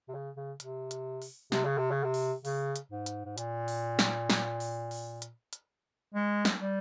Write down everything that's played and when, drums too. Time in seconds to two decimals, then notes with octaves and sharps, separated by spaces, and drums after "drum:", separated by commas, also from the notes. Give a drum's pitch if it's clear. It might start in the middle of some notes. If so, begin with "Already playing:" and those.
0.09 C3
0.14 C#3
0.36 C#3
0.60 C3, drum: hi-hat
0.91 drum: hi-hat
1.22 drum: open hi-hat
1.52 C3, drum: snare
1.65 C#3
1.78 C3
1.91 C#3
2.04 C3
2.14 drum: open hi-hat
2.45 C#3, drum: open hi-hat
2.76 drum: hi-hat
2.91 G#2
3.06 drum: hi-hat
3.25 G#2
3.38 A#2, drum: hi-hat
3.68 drum: open hi-hat
3.99 drum: snare
4.30 drum: snare
4.60 drum: open hi-hat
4.91 drum: open hi-hat
5.22 drum: hi-hat
5.53 drum: hi-hat
6.14 G#3
6.45 drum: snare
6.61 G3